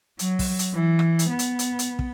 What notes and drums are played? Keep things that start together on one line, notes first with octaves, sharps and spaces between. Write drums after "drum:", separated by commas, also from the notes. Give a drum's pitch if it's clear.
F#3, drum: hi-hat
drum: kick, open hi-hat
drum: hi-hat
E3
drum: rim click
drum: hi-hat
B3
drum: hi-hat
drum: hi-hat
drum: hi-hat
drum: kick